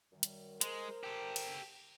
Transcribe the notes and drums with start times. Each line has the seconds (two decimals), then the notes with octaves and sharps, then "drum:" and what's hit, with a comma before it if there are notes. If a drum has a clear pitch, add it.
0.11 F#2 D#3 G3
0.23 drum: hi-hat
0.61 G#3 A#4 C5, drum: hi-hat
1.04 G4 A4
1.36 drum: cymbal